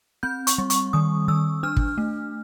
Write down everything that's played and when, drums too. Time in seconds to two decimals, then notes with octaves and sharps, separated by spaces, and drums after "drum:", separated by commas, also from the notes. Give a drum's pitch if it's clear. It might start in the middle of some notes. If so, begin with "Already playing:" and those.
0.23 C4 G6
0.47 C#6, drum: hi-hat
0.58 G3
0.70 C#6, drum: hi-hat
0.93 D#3 D#6
1.28 D#3 E6
1.63 D4 F6
1.77 drum: kick
1.98 A3